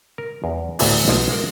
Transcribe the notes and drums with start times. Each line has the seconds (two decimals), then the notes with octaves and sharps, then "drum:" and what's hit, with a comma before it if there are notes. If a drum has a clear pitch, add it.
0.18 A#4
0.44 E2
0.79 D2 A2 C3 E3 B3, drum: open hi-hat
1.08 B1 F3 B3 A5, drum: snare
1.29 G#3 A#3 F#4 A#4